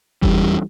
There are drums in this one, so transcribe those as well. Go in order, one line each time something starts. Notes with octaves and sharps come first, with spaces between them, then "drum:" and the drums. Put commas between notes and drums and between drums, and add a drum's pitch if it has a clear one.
E2 E3 G3, drum: kick F#1